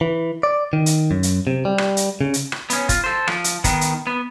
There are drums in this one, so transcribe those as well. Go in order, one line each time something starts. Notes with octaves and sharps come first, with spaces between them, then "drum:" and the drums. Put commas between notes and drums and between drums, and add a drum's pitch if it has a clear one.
E3
D5
D#3
drum: hi-hat
F#2
drum: hi-hat
C3
G3
drum: rim click
drum: hi-hat
C#3
drum: hi-hat
drum: rim click
B3 C#4, drum: hi-hat
F4, drum: kick, hi-hat
A4 C5
F3, drum: rim click
drum: hi-hat
D#3 B3, drum: kick, hi-hat
drum: hi-hat
B3